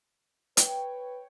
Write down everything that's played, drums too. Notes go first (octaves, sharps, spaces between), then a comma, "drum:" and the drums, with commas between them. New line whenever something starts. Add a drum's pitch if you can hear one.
B4 C#5 G5, drum: hi-hat